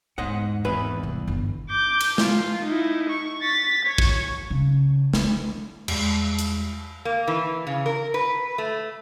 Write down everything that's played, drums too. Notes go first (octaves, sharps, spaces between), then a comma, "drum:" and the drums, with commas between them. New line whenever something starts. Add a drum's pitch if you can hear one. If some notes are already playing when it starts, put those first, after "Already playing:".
E2 G#2 D#5 F#5
G#1 E2 B4
C2
G1
D6 G6
drum: cymbal
F4, drum: snare
D#4 E4
C#6
A6 B6
C#5
drum: kick
C#3
D3, drum: snare
E2 G3 G#3, drum: cymbal
drum: hi-hat
A#3
E3
C#3
A#4
B4
A3